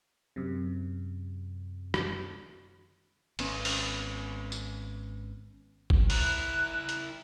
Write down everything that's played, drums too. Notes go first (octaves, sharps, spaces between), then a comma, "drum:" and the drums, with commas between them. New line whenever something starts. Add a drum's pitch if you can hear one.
F#2 C3
drum: rim click
G#1 B3 C#4, drum: cymbal
drum: open hi-hat
drum: tambourine
drum: kick
E4 A#4 F#6, drum: open hi-hat
drum: hi-hat